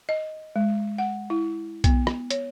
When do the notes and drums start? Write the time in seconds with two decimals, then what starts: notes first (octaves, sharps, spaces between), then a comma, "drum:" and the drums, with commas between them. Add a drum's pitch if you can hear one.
0.09 D#5
0.56 G#3
0.98 F#5
1.30 E4
1.84 B3, drum: kick B1, hi-hat
2.07 drum: rim click
2.31 C#5, drum: hi-hat